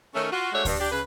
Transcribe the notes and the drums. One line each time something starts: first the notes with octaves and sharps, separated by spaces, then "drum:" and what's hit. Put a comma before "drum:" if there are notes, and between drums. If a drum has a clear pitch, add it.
D#3 A3 C#4
F4 F#4
G#3 A3 D4 F#4 C#5 E5
G2, drum: kick D2, open hi-hat
D4 G4
C#3 B4